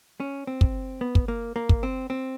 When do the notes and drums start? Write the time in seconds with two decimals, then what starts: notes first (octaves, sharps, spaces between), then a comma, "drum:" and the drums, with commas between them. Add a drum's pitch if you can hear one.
0.20 C#4
0.47 C4
0.61 drum: kick
1.01 B3
1.15 drum: kick
1.28 A#3
1.56 A#3
1.69 drum: kick
1.83 C4
2.10 C4